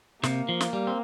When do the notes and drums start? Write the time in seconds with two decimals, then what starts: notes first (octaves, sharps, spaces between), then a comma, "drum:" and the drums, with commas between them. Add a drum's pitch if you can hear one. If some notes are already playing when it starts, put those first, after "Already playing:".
0.23 C3 A#3, drum: snare
0.49 F3
0.61 drum: snare
0.73 G3
0.87 C4